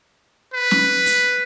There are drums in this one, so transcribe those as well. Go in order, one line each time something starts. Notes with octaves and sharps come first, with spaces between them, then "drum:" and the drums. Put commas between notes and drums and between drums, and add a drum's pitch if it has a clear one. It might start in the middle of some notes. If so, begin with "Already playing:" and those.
B4
drum: snare
drum: open hi-hat